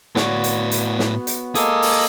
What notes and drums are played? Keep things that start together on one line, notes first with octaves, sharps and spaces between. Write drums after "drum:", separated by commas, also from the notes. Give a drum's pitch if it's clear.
A2 B3 F#4 C#5 D5, drum: snare
drum: hi-hat
drum: hi-hat
drum: snare
drum: hi-hat
A#3 G#4 A4 D#5 D#6, drum: hi-hat
drum: open hi-hat